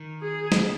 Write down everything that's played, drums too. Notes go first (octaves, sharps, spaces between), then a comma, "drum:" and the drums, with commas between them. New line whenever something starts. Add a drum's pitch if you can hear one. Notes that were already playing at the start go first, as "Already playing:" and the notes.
Already playing: D#3
G#4
drum: snare